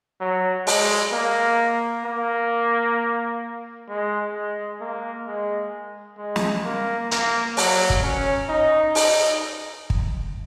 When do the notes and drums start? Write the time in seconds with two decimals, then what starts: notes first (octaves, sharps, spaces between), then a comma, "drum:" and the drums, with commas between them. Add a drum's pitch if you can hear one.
0.21 F#3
0.67 G#3, drum: open hi-hat
1.13 A#3
2.05 A#3
3.89 G#3
4.34 G#3
4.81 A#3
5.27 G#3
6.18 G#3
6.36 drum: snare
6.65 A#3
7.11 A#3, drum: hi-hat
7.57 F#3, drum: open hi-hat
7.90 drum: kick
8.03 C#4
8.48 D#4
8.95 D#4, drum: open hi-hat
9.90 drum: kick